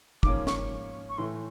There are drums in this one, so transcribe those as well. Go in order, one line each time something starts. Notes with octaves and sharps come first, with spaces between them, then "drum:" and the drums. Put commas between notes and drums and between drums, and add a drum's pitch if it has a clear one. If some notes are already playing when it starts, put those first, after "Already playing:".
G#2 F3 A#3 C#4 D6, drum: kick
C#6, drum: snare
C#6
A2 E3 A3 C6